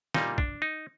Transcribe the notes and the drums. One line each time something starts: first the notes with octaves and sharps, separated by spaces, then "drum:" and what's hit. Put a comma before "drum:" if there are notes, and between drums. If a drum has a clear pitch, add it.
A#2 G3 A#3 D#4, drum: snare
D4, drum: kick
D#4